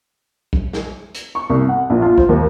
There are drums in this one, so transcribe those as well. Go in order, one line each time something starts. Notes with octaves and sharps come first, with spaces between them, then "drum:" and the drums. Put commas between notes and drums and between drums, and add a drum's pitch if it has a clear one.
drum: kick
drum: snare
drum: hi-hat
C#6
C2
F#5
A#1
F4
C5, drum: kick
D#2